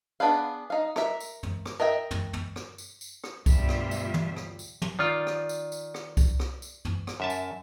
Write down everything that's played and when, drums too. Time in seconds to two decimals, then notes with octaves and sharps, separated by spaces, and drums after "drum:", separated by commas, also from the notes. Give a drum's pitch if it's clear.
0.20 B3 D4 G#4 B4 F5
0.70 D#4 F5
0.96 A#4 E5, drum: rim click
1.20 drum: tambourine
1.43 drum: tom
1.66 drum: rim click
1.80 A#4 D#5 E5 G5
2.11 drum: tom
2.33 drum: tom
2.56 drum: rim click
2.78 drum: tambourine
3.01 drum: tambourine
3.24 drum: rim click
3.46 D2 G2 B2 G3 F4 E5, drum: kick C2, tambourine
3.69 drum: rim click
3.91 drum: tambourine
4.14 drum: tom
4.36 drum: rim click
4.59 drum: tambourine
4.82 drum: tom
4.99 D#3 F4 D5 F6 G6
5.27 drum: rim click
5.49 drum: tambourine
5.72 drum: tambourine
5.94 drum: rim click
6.17 drum: kick C2, tambourine
6.40 drum: rim click
6.62 drum: tambourine
6.85 drum: tom
7.07 drum: rim click
7.20 F#2 E5 A5
7.30 drum: tambourine